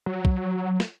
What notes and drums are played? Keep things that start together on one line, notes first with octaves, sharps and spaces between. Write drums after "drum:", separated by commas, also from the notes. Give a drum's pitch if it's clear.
F#3
drum: kick
drum: snare